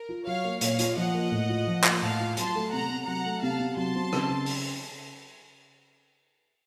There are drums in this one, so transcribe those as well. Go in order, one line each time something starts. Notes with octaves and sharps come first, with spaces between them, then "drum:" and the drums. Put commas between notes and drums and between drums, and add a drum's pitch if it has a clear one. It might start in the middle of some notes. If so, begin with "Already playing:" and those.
Already playing: A#4
F4
F#3 C#5 F5
A#3
A#2 C#5 F5, drum: hi-hat
F4, drum: hi-hat
F3 D#5 F#5
A#3
A2
F4
F3
A#3, drum: clap
A2 F5 A5
F4
F#3 A5 C6, drum: hi-hat
A3
C3 F#5 A#5
C3
F#3 F#5 A#5
A3
C3 F5 A5
C3
F#3 A5 C6
C4
C#3, drum: rim click
C#3
drum: open hi-hat